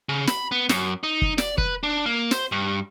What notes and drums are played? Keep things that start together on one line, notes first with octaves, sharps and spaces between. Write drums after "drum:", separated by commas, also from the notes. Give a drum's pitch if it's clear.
C#3
B5, drum: snare
B3
F#2, drum: snare
D#4
drum: kick
D5, drum: snare
B4, drum: kick
D4
A#3
C5, drum: snare
G2